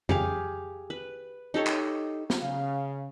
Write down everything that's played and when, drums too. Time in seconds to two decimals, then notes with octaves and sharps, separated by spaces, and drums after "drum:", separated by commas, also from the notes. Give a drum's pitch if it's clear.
0.09 G4 G#4 F5, drum: tom F2
0.90 B4
1.54 D#4 G4 A4 C#5
1.67 drum: clap
2.30 drum: snare
2.41 C#3 F5